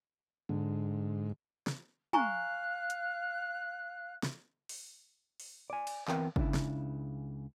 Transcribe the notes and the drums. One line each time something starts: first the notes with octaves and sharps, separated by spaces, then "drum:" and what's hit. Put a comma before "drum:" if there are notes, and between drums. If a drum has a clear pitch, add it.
G#2 D3
drum: snare
F5 G#5 A#5 C#6 F#6, drum: tom
drum: hi-hat
drum: snare
drum: open hi-hat
drum: open hi-hat
D5 G#5
drum: cymbal
E3 B3 C4 A#4 E5 G5, drum: clap
C#2 C#3 D4 E4, drum: kick G1
drum: snare